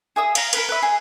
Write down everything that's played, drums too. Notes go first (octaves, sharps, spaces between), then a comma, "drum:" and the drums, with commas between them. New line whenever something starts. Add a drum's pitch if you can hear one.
G#4 E5 D#6
F5 A#5, drum: cymbal
A#4 B4, drum: cymbal
B4 E5
G#4